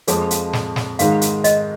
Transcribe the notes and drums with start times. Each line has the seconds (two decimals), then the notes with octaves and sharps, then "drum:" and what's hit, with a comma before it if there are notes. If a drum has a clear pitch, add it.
0.07 F2 F3 G#3 G#4, drum: hi-hat
0.31 drum: hi-hat
0.53 drum: snare
0.76 drum: snare
0.99 G#2 D#3 G#3 F5, drum: hi-hat
1.21 drum: hi-hat
1.44 D#5, drum: hi-hat